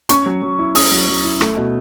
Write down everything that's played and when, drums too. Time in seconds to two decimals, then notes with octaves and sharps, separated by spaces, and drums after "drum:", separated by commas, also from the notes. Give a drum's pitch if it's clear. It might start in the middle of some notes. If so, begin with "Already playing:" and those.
0.09 C#4 C#6, drum: hi-hat
0.26 F#3
0.42 F#3
0.59 E4
0.75 C#4 D#6, drum: open hi-hat
0.91 F#3
1.08 F#3
1.24 E4
1.41 A3, drum: rim click
1.57 B2